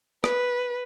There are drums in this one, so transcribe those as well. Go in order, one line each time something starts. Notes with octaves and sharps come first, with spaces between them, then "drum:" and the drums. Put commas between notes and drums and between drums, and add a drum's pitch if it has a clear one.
B4, drum: rim click